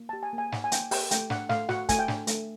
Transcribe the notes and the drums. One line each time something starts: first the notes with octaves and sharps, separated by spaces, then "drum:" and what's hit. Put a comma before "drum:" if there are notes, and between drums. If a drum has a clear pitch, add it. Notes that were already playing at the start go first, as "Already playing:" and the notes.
Already playing: A#3
G4 A5
G#5
A#3
G#5
D#4 F#5, drum: snare
G#5
A#3 G5, drum: hi-hat
G4 G5, drum: open hi-hat
A3 G5, drum: hi-hat
D4 F#5, drum: snare
A3 F5, drum: snare
F#4 F#5, drum: snare
A3 G#5, drum: kick, hi-hat
G5
D4, drum: snare
A3, drum: hi-hat